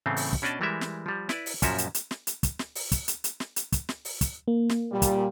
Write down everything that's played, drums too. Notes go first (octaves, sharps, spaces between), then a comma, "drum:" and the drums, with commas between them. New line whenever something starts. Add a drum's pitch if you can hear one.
A2 C#3 E3 A3 B3 C4
drum: open hi-hat
drum: kick
B2 C#4 D4 D5 D#5 A5
E3 G3 G#3 A#4 E5
drum: snare
F3 G3
E4 B4 D5, drum: snare
drum: open hi-hat
F#2 A#2 F3 C#4 F#4 E5, drum: kick, hi-hat
drum: hi-hat
drum: hi-hat
drum: snare
drum: hi-hat
drum: kick, hi-hat
drum: snare
drum: open hi-hat
drum: kick, hi-hat
drum: hi-hat
drum: hi-hat
drum: snare
drum: hi-hat
drum: kick, hi-hat
drum: snare
drum: open hi-hat
drum: kick, hi-hat
A#3
drum: snare
A#2 G3
drum: kick, hi-hat